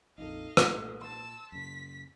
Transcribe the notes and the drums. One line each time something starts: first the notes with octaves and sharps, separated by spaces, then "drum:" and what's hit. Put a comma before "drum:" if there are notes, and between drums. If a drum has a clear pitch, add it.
A#1 F2 D#4 A4 D#5 F5
A#2 A3, drum: rim click
A5 C6 E6 A6
F#2 C#3 B6